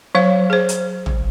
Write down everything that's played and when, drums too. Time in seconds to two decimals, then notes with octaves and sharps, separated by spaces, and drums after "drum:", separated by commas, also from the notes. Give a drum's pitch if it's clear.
0.15 F#3 C5 F5
0.50 G#4 C5
0.69 drum: hi-hat
1.06 drum: tom